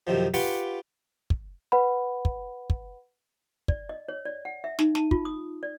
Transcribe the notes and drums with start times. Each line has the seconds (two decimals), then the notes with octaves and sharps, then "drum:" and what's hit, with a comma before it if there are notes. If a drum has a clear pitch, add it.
0.07 F#2 C3 D#3 F3
0.34 F4 G4 B4 F#5 C#6 D6, drum: open hi-hat
1.30 drum: kick
1.72 B4 F#5 B5
2.25 drum: kick
2.70 drum: kick
3.68 D5, drum: kick
3.89 D#5
4.09 C#5
4.25 D5
4.45 F#5
4.64 E5
4.79 D#4, drum: snare
4.95 A5, drum: snare
5.11 F4, drum: kick
5.25 D#6
5.63 D5